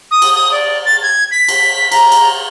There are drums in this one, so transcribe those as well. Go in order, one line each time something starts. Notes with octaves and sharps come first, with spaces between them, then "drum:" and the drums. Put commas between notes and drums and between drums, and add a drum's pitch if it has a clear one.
D#6
drum: cymbal
D#6
D5
A6
G#6
B6
drum: cymbal
A#5, drum: cymbal
drum: cymbal